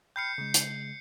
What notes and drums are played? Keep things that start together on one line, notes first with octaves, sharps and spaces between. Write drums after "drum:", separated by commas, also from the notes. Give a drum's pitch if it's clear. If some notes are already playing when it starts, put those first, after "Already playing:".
G5 B5 F6 G6 C7 C#7
C#3 G#3
drum: hi-hat